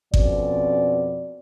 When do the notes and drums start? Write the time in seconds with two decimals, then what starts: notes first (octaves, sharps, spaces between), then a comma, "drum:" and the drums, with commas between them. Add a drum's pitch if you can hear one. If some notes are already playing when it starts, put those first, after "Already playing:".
0.14 F2 B2 C4 C#4 D5, drum: kick G#1